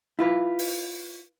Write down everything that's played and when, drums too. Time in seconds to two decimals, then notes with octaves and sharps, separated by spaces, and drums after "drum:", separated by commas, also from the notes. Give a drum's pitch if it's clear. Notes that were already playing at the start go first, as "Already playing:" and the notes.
0.19 E4 F4 B4
0.59 drum: open hi-hat